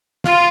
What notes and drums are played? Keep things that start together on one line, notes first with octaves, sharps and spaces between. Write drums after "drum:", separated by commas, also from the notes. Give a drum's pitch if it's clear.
F4, drum: snare